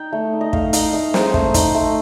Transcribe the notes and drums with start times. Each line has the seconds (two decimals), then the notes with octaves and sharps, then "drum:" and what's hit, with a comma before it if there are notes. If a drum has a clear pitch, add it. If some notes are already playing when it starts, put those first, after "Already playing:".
Already playing: D#4 G5
0.13 A3
0.33 D#4
0.41 D#5
0.53 A3 F5, drum: kick
0.73 D#4 F5, drum: hi-hat
0.93 A3 D#5
1.14 D#4 C5, drum: snare
1.34 A3, drum: kick
1.54 D#4, drum: kick, hi-hat
1.75 A3